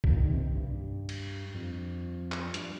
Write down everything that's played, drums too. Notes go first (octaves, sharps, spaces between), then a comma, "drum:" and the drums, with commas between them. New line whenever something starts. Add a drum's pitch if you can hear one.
A#2, drum: kick B1
D#3
C3
G2
drum: cymbal
F2
drum: clap
G2, drum: hi-hat